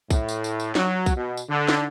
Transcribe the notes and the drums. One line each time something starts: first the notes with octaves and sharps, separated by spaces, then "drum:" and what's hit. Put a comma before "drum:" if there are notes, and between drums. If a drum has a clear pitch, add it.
A2, drum: kick B1, tambourine
drum: tambourine
drum: tambourine
drum: tambourine
F#3, drum: snare
drum: kick B1, tambourine
B2
drum: tambourine
D3
drum: snare